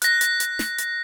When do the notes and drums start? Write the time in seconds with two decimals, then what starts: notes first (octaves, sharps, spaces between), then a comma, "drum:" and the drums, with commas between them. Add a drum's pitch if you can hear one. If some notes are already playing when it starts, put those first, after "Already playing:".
0.02 F#6 A#6, drum: hi-hat
0.21 drum: hi-hat
0.40 drum: hi-hat
0.59 drum: snare
0.78 drum: hi-hat